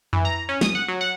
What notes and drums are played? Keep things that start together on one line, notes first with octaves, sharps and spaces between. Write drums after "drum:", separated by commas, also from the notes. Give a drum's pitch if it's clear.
E3, drum: tom F2
A#5
C#4
D#6, drum: snare
F#5
F#3
F#5